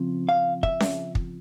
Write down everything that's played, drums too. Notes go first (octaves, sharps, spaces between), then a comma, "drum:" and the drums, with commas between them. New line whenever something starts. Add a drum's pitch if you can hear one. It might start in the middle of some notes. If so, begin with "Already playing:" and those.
Already playing: C#3 F3 C4
F5
E5, drum: kick
drum: snare C#4
drum: kick